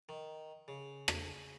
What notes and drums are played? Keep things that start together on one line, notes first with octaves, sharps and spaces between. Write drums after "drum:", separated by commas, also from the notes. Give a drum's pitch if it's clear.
D#3
C#3
drum: rim click